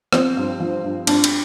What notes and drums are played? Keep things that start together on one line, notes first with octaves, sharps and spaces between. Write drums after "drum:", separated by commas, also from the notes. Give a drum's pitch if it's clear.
F3 C4, drum: rim click
G2
F3
G2
G2 D4, drum: cymbal
drum: cymbal